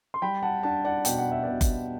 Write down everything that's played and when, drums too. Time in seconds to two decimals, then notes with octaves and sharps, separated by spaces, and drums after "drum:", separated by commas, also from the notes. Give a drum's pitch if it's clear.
0.14 C6
0.22 G3 G5 B5
0.43 F#5 A5
0.63 D4 F#5 A5
0.85 D5 F#5
1.05 B2 G5, drum: hi-hat
1.19 F#5
1.32 E5
1.43 B2 D5 F#5
1.61 drum: kick F#1, hi-hat